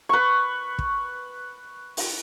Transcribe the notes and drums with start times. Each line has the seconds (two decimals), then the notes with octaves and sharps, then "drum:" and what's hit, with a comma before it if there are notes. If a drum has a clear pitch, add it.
0.09 B4 C#6
0.79 drum: kick
1.97 drum: open hi-hat